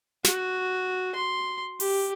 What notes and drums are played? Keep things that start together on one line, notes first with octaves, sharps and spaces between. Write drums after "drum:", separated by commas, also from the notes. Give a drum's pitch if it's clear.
F#4, drum: snare
C6
G4, drum: open hi-hat